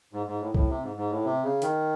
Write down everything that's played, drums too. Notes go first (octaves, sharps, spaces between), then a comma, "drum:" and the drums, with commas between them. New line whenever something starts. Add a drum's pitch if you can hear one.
G#2
G#2
A2
A2, drum: kick
C3
G#2
G#2
A2
C3
C#3
D#3, drum: hi-hat